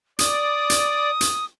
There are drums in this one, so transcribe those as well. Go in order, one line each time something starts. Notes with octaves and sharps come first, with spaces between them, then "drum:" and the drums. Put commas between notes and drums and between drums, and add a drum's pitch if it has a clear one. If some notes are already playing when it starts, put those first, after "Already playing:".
D5 D#6, drum: hi-hat
drum: hi-hat
drum: hi-hat